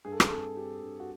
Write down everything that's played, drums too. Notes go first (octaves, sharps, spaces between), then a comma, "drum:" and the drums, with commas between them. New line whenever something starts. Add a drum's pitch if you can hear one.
G2 G#4
A4
G#4, drum: rim click
A4
C4 G#4
C4 G4
G2
F#4